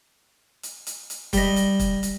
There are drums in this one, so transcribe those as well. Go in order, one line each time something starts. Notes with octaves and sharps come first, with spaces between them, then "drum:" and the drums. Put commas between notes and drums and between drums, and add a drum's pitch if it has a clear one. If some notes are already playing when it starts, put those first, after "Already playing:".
drum: hi-hat
drum: hi-hat
drum: hi-hat
G3 D#5, drum: kick, hi-hat
drum: hi-hat
drum: kick, hi-hat
drum: hi-hat